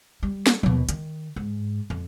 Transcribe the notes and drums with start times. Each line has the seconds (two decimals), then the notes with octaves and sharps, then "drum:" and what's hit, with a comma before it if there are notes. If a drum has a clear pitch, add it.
0.23 G3
0.47 drum: snare
0.63 D#2 B2, drum: tom F3
0.89 D#3, drum: hi-hat
1.36 G#2
1.90 F2